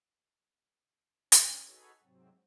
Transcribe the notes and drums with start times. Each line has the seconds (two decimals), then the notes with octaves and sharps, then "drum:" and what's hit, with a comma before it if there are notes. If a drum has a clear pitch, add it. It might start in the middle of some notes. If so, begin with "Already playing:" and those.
1.32 C#4, drum: hi-hat
1.66 D#4 F#4 G#4 A4 B4 C#5
2.02 G#2 C3 F#3 C4